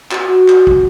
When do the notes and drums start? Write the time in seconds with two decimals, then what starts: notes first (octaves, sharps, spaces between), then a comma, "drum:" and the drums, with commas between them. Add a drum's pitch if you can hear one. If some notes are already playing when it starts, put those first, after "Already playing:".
0.11 F#4, drum: clap
0.48 drum: clap
0.67 drum: kick